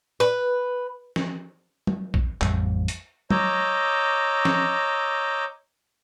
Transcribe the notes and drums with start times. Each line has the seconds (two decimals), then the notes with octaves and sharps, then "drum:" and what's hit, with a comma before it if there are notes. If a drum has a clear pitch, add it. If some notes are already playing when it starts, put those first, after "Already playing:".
0.20 B4
1.16 drum: snare
1.87 drum: tom F#3
2.14 drum: kick A#1
2.41 A1 F2 G3, drum: clap
2.88 drum: hi-hat
3.31 C#5 D#5 A#5 D6 E6 G6, drum: tom F#3
4.45 drum: snare